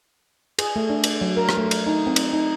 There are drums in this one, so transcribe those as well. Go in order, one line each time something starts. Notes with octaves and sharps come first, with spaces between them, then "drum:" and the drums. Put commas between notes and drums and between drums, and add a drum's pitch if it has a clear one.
G#4, drum: cymbal
A3
D4
drum: cymbal
F#3
A#4
drum: rim click
A3
drum: cymbal
D#4
C4
drum: cymbal
D#4